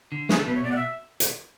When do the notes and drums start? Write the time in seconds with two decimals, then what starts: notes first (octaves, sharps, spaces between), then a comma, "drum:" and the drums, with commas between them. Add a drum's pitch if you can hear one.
0.12 D3
0.29 A3 G#4, drum: snare
0.38 A4
0.47 B2 B4
0.55 C#5
0.64 B2 D5
0.72 F#5
0.76 E5
1.20 drum: hi-hat